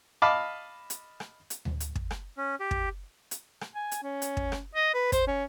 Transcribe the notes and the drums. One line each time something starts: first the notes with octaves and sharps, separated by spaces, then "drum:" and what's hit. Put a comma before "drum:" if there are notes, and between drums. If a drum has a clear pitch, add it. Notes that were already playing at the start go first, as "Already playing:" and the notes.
D#5 F5 A5 B5 D6
drum: hi-hat
drum: rim click
drum: hi-hat
drum: tom D2
drum: hi-hat
drum: kick
drum: rim click
C#4
G4
drum: kick
drum: hi-hat
drum: rim click
G#5
drum: hi-hat
C#4
drum: hi-hat
drum: kick
drum: rim click
D#5
B4
C5, drum: kick, hi-hat
C#4